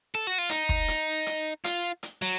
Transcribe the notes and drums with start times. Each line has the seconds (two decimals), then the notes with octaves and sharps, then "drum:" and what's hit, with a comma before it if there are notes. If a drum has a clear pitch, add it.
0.15 A4
0.27 F#4
0.38 F4
0.50 D#4, drum: hi-hat
0.69 drum: kick
0.88 drum: hi-hat
1.26 drum: hi-hat
1.65 F4, drum: hi-hat
2.03 drum: hi-hat
2.22 F#3